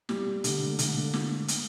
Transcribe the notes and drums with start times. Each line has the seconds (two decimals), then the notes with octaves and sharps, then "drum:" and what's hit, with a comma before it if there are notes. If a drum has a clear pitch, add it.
0.09 G3 A#3, drum: snare
0.27 A3
0.44 D3 A3, drum: hi-hat
0.61 G#3
0.79 D3 A3, drum: hi-hat
0.96 A#3
1.14 drum: snare
1.48 drum: hi-hat